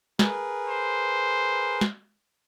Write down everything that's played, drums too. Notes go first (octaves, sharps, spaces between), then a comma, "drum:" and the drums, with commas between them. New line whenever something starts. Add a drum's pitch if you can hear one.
G#4 A#4 B4, drum: snare
C5
drum: snare